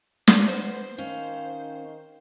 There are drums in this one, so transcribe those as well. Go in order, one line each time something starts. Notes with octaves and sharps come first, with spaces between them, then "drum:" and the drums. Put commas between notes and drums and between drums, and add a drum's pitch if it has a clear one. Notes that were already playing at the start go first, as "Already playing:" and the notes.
drum: snare
B3 C5
D#3 C#4 F5